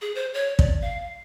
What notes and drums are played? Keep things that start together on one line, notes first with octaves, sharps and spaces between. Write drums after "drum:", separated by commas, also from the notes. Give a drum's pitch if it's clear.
G#4
C5
C#5
D5, drum: kick
F5